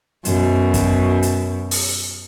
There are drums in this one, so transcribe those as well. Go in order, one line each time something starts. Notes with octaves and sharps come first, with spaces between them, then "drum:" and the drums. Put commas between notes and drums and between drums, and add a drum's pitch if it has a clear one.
F#2 B2, drum: hi-hat
drum: kick, hi-hat
drum: hi-hat
drum: open hi-hat